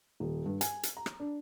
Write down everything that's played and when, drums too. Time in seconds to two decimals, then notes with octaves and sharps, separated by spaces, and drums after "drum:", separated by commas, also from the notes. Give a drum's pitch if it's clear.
0.20 D#1
0.46 G2
0.61 G#5, drum: hi-hat
0.83 drum: hi-hat
0.97 A#5
1.06 drum: rim click
1.20 D4